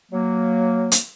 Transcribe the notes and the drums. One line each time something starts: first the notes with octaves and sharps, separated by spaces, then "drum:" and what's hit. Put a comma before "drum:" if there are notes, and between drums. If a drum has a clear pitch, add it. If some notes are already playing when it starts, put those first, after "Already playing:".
F#3 A#3
drum: hi-hat